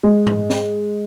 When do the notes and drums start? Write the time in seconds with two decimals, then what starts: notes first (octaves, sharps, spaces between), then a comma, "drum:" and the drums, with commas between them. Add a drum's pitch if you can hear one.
0.03 G#3
0.27 drum: tom G#2
0.50 drum: snare